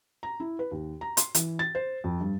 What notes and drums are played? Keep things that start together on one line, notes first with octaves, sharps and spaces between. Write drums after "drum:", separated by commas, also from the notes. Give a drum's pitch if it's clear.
A#5
E4
B4
D#2
A#5
C6, drum: hi-hat
E3, drum: hi-hat
A6
C5
F2
G2